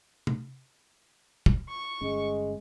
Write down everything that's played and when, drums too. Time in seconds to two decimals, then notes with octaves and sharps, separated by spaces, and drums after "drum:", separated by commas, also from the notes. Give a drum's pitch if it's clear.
0.27 drum: tom
1.46 drum: kick
1.69 C#6
2.01 G1 G#3 C#4